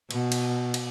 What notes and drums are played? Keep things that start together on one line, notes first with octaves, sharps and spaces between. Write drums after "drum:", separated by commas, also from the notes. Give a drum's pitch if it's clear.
B2, drum: cymbal
drum: cymbal
drum: cymbal